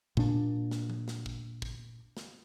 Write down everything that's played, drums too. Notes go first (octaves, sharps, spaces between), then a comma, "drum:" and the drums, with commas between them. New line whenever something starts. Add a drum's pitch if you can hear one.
A#2 D4, drum: kick
drum: snare
drum: tom
drum: snare
drum: kick
drum: kick
drum: snare